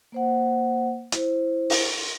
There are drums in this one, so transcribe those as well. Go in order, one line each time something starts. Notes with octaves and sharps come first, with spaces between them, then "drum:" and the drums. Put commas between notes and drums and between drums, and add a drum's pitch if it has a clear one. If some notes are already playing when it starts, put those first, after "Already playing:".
A#3 C5 F#5
E4 C5, drum: hi-hat
drum: open hi-hat